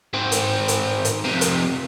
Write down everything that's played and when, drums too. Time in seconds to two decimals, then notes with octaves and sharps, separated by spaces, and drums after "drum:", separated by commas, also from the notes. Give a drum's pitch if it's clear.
0.13 G#2 C4
0.32 drum: hi-hat
0.68 drum: hi-hat
1.05 drum: hi-hat
1.25 F2 C3
1.41 drum: hi-hat